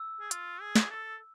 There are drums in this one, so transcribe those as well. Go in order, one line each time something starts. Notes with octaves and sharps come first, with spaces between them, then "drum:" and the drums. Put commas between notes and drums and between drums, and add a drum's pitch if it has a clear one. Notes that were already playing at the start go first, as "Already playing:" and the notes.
Already playing: E6
G#4
F4, drum: hi-hat
G#4
drum: snare
A4